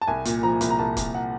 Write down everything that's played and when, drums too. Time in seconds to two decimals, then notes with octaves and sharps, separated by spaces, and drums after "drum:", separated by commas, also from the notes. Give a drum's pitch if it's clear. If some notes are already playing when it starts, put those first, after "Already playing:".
0.02 A5
0.08 C2 G#5
0.25 A#2, drum: hi-hat
0.43 F3 A#5
0.61 C2, drum: hi-hat
0.70 A#5
0.79 C2 A5
0.97 C2, drum: kick, hi-hat
1.15 F#5